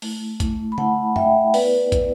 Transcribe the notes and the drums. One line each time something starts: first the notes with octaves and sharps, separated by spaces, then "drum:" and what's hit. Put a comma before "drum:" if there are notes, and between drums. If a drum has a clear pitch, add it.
A3 E4, drum: open hi-hat
A3 E4, drum: kick, hi-hat
B5
A3 E4 F#5 A5, drum: tom
A3 E4 E5 G5, drum: tom F#2
B3 E4 B4 D5, drum: open hi-hat
B3 E4, drum: kick, hi-hat